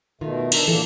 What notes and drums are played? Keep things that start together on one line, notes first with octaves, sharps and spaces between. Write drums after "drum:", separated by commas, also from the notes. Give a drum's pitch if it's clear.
B2 D#3 A3 F4
D4 A#4 E5, drum: cymbal
A#2 D3 E3 A#3 A4